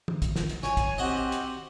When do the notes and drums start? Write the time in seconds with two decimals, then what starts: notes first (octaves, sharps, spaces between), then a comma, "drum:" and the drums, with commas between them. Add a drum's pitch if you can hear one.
0.08 drum: tom E3
0.22 drum: kick, hi-hat
0.36 drum: snare
0.49 drum: hi-hat
0.63 C#5 G#5, drum: snare
0.77 drum: kick, hi-hat
0.98 C4 F#4 G4 D#5
1.32 drum: hi-hat